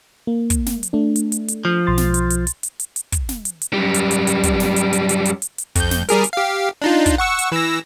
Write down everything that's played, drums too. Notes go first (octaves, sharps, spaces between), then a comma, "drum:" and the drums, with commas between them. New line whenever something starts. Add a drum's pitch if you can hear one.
A#3
drum: kick, hi-hat
drum: snare
drum: hi-hat
A3 D4
drum: hi-hat
drum: hi-hat
drum: hi-hat
F3
B1 C6 A6
drum: snare
drum: hi-hat
drum: hi-hat
drum: hi-hat
drum: hi-hat
drum: hi-hat
drum: hi-hat
drum: kick, hi-hat
drum: snare
drum: hi-hat
drum: hi-hat
F#2 G3
drum: hi-hat
drum: hi-hat
drum: hi-hat
drum: kick, hi-hat
drum: snare
drum: hi-hat
drum: hi-hat
drum: hi-hat
drum: hi-hat
drum: hi-hat
drum: hi-hat
F2 G6, drum: kick, hi-hat
drum: snare
G3 G#4 A#4, drum: hi-hat
drum: hi-hat
G4 F5
D4 D#4 F4
drum: kick, hi-hat
F#5 C#6 E6
drum: hi-hat
E3 E6 A#6